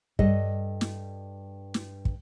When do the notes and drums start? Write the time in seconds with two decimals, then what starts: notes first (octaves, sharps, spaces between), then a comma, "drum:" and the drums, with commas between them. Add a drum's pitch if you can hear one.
0.19 G2 A4 D#5, drum: kick
0.81 drum: snare
1.74 drum: snare
2.05 drum: kick